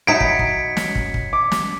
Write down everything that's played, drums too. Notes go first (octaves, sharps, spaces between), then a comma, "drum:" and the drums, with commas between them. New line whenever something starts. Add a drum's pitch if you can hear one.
F#3 D#4 E4 G#6 B6 C#7 D7
drum: kick
drum: kick
drum: snare
drum: kick
drum: kick
D6
drum: snare